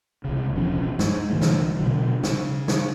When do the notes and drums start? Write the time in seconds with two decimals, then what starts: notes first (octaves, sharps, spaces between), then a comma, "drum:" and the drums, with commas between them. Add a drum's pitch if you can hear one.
0.24 C2 C#3
0.53 E1 B1 F3 C#4
0.99 G#2, drum: snare
1.29 C2 D3 E3 A3
1.41 drum: snare
1.79 B2 D3 F#3
2.23 C#3, drum: snare
2.68 drum: snare